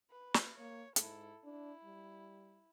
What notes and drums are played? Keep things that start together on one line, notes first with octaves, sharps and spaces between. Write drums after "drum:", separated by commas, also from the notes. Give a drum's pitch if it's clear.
B4
drum: snare
A#3 C#5
G#2 E4 A4, drum: hi-hat
D4 E4
G3